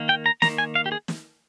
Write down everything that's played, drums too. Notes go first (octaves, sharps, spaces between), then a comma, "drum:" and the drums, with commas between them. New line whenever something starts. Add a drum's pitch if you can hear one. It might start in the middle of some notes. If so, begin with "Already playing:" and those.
Already playing: D#3 A#3
G5
A#5
D#3 A#3 A#5, drum: snare
G#5
F5
G4
G#4
drum: snare